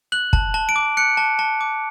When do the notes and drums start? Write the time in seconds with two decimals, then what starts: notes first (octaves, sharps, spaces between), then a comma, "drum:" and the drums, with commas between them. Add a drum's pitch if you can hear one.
0.12 F#6 F#7
0.33 A5, drum: kick
0.54 A5
0.69 D7
0.76 D6
0.97 F#6 C#7
1.17 A5
1.39 A5
1.61 D6